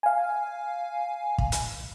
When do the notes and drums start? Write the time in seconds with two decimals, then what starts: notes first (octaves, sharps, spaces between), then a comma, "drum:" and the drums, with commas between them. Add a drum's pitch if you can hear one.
0.03 F5 G#5
1.38 drum: kick
1.52 drum: hi-hat